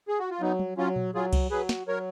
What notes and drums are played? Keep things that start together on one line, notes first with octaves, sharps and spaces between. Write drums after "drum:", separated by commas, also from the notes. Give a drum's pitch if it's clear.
G#4
F#4
F4
F#3 B3 D#4
drum: tom F#3
F#3 C#4 F4
drum: tom A#2
F#3 F4 G#4
drum: kick C2, cymbal
F#3 G#4 B4
drum: snare
F#3 A#4 C#5